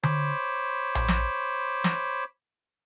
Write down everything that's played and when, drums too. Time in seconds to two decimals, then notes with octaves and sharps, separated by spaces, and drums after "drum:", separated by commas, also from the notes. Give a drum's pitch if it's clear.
0.03 C5 C#5 B5 D6, drum: tom D3
0.95 drum: tom A#1
1.08 drum: snare
1.84 drum: snare